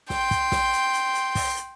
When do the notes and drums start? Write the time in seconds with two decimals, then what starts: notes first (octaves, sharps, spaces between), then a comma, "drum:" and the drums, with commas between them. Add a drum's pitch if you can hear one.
0.10 G5 C6, drum: snare
0.31 drum: kick, hi-hat
0.52 drum: snare
0.73 drum: hi-hat
0.94 drum: hi-hat
1.14 drum: hi-hat
1.35 drum: kick, open hi-hat
1.56 drum: hi-hat